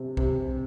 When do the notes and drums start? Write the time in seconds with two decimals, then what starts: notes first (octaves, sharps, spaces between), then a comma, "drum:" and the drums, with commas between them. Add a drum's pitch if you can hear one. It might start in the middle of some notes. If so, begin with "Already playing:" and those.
Already playing: C3 C4
0.17 C3, drum: kick